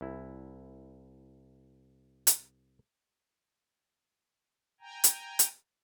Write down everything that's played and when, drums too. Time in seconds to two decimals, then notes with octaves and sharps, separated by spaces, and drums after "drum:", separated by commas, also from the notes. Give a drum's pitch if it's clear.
0.01 C2 E4
2.27 drum: hi-hat
4.81 G5 G#5 A#5
5.04 drum: hi-hat
5.39 drum: hi-hat